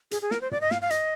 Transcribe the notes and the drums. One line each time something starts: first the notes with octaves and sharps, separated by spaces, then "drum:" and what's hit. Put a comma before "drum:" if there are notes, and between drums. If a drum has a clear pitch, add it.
G#4, drum: hi-hat
G#4
A#4, drum: snare
C5
D5, drum: tom
D#5
F5, drum: snare
F5
D#5, drum: hi-hat